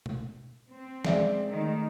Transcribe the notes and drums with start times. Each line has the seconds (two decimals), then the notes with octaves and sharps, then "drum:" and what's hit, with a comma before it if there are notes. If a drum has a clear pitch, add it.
0.06 drum: tom B2
0.69 C4
1.05 G#3 D5 E5, drum: snare
1.49 D#3 A3